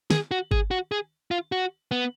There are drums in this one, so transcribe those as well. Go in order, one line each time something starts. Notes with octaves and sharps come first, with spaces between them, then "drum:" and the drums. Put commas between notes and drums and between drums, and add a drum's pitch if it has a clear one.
G#4, drum: snare
F#4
G#4, drum: kick G1
F#4
G#4
F4
F#4
B3